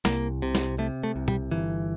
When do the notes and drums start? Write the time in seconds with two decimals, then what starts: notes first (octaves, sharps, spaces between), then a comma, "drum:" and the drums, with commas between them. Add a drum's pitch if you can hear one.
0.05 C2 A#3, drum: snare
0.42 C3
0.55 drum: snare
0.78 C3 A3
1.03 A3
1.16 C2
1.28 G3, drum: tom
1.51 G1 E3